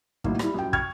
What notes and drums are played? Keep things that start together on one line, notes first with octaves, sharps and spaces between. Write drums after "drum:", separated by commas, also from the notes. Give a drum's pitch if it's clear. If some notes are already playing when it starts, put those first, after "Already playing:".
A2 D#3 F#3 A#3, drum: kick
G3 E4, drum: rim click
F#2 G5
G5 C#6 F6 G#6, drum: kick